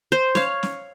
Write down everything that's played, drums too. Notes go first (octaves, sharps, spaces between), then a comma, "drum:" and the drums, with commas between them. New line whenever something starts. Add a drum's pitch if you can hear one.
C5
C#5 F5, drum: snare
drum: snare